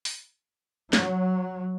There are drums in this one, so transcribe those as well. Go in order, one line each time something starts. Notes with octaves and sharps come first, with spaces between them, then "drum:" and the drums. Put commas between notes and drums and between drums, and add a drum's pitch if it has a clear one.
drum: open hi-hat
F#3, drum: snare